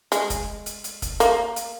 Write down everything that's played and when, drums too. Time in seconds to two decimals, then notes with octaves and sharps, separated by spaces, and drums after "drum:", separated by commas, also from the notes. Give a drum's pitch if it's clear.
0.12 G#3, drum: hi-hat
0.30 drum: kick, hi-hat
0.66 drum: hi-hat
0.84 drum: hi-hat
1.02 drum: kick, hi-hat
1.20 A#3, drum: hi-hat
1.56 drum: hi-hat